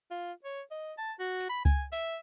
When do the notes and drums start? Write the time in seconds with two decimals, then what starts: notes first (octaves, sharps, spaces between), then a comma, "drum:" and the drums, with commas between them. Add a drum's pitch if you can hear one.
0.11 F4
0.44 C#5
0.71 D#5
0.98 A5
1.20 F#4
1.40 drum: tambourine
1.49 B5
1.65 G#5, drum: kick C#2, tambourine
1.92 E5, drum: tambourine